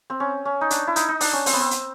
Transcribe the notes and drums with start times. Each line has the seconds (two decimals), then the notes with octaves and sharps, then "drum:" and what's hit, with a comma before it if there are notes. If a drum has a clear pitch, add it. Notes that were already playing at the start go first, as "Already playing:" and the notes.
0.10 C4
0.20 C#4
0.45 C#4
0.61 D#4
0.70 D4, drum: hi-hat
0.87 E4
0.96 D#4, drum: hi-hat
1.09 D#4
1.21 D4, drum: open hi-hat
1.33 C#4
1.46 C4, drum: open hi-hat
1.53 B3
1.60 C4
1.71 drum: hi-hat